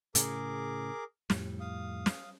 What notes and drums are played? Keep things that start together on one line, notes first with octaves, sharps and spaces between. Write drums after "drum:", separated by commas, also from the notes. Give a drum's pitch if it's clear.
A2 C#3 G#4 A#4 D6, drum: hi-hat
F2 A2 G3, drum: snare
F5 D#6
drum: snare